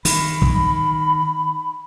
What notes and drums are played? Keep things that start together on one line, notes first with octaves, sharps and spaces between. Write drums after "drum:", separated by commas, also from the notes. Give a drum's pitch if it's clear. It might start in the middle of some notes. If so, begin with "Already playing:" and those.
D#3 B5, drum: open hi-hat
drum: kick